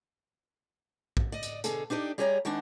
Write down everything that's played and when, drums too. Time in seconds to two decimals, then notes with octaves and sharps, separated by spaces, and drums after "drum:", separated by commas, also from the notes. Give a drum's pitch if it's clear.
1.17 drum: kick
1.32 D5 D#5
1.43 drum: hi-hat
1.64 B2 D3 G#4 A4, drum: hi-hat
1.90 D4 D#4 G4 C5 D5
2.18 G3 G4 G#4 C#5 D5 A#5
2.45 D#3 G#3 C4 D4 F#5